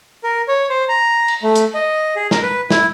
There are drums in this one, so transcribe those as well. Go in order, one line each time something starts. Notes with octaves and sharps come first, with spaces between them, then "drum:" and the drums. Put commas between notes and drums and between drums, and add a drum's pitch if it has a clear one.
A#4
C#5
C5
A#5
drum: cymbal
A3
drum: hi-hat
D#5
G#4
A#4, drum: snare
B4
E4, drum: snare